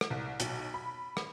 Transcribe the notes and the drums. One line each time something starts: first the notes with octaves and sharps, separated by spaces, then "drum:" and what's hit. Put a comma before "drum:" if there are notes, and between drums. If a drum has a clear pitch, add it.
drum: rim click
C2
B1, drum: hi-hat
B5
drum: rim click